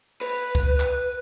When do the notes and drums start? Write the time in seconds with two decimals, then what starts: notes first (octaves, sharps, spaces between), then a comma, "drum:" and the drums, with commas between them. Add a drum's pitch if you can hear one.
0.21 B4, drum: cymbal
0.55 drum: kick C#2
0.80 drum: clap